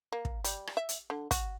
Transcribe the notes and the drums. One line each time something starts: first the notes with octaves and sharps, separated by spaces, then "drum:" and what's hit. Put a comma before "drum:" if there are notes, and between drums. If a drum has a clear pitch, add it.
A#3
drum: kick
G3, drum: hi-hat
drum: rim click
E5
drum: hi-hat
D3
F#4, drum: kick, hi-hat